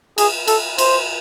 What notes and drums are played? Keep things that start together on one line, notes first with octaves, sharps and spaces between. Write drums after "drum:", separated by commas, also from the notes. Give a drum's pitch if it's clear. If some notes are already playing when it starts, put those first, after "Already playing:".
G#4, drum: cymbal
A4, drum: cymbal
C5, drum: cymbal